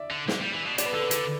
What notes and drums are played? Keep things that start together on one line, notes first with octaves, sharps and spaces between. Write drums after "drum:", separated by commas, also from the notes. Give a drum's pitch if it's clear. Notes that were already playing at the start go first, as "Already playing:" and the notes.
Already playing: D5 E5
D3
D3, drum: snare
G3
E3
B2
B2 D5, drum: hi-hat
B4
D3 A4
B4
D3, drum: hi-hat